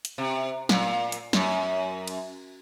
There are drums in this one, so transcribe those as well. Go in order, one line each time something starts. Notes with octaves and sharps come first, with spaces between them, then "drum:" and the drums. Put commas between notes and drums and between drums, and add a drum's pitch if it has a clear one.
drum: hi-hat
C3
A#2, drum: snare
drum: hi-hat
F#2, drum: snare
drum: cymbal